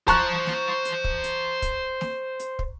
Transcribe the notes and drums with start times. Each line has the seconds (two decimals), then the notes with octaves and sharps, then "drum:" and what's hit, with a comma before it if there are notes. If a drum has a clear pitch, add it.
0.08 C5 A5 A#5 C#6 F#6, drum: kick, hi-hat
0.46 drum: snare
0.85 drum: hi-hat
1.04 drum: kick
1.24 drum: hi-hat
1.62 drum: kick, hi-hat
2.01 drum: snare
2.40 drum: hi-hat
2.59 drum: kick